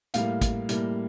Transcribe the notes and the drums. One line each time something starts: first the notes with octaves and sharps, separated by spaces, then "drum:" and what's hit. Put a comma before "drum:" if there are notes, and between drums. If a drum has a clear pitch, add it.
A2 G3 A#3 F5, drum: hi-hat
drum: kick, hi-hat
A2 G3 A#3, drum: hi-hat